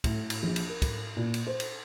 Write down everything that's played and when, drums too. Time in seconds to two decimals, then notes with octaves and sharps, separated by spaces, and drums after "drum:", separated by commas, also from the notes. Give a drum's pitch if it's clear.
0.04 A2, drum: kick, cymbal
0.30 drum: cymbal
0.43 A#1
0.56 drum: cymbal
0.69 A#4
0.82 drum: kick, cymbal
1.17 A#2
1.34 drum: cymbal
1.47 C5
1.60 drum: cymbal